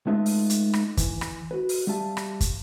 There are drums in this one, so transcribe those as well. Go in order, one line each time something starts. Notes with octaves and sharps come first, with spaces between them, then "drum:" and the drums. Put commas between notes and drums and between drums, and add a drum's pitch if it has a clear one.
G#3 A3 D#4 F4 B4 E5
drum: open hi-hat
drum: hi-hat
drum: rim click
E3, drum: kick, hi-hat
drum: rim click
F#4 B4
drum: open hi-hat
G3 G4 E5 F5 A5
drum: rim click
drum: kick, hi-hat